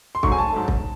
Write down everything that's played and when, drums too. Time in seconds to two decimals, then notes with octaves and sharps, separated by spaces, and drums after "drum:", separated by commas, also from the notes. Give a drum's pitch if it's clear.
0.15 C6
0.23 G#2 F#3 A3 C#6, drum: kick
0.32 G#5
0.38 A5
0.53 G#2 F#3 A3
0.68 drum: kick